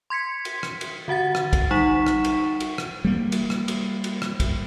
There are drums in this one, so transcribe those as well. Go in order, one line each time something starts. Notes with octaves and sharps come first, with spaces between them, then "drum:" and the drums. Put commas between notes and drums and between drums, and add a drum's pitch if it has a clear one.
C6 G#6 B6 C#7
drum: cymbal
drum: rim click
drum: cymbal
D3 F#4 F#5 A6
drum: rim click
drum: kick, cymbal
G3 D#4 F#5 C#6 B6 E7
drum: rim click
drum: cymbal
drum: cymbal
drum: rim click
G3 A#3
drum: cymbal
drum: rim click
drum: cymbal
drum: cymbal
drum: rim click
drum: kick, cymbal